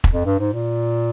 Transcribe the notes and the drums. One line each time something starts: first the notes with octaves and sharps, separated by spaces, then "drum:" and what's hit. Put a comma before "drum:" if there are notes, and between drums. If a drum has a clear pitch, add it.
drum: kick E1
F2
G2
G#2
A#2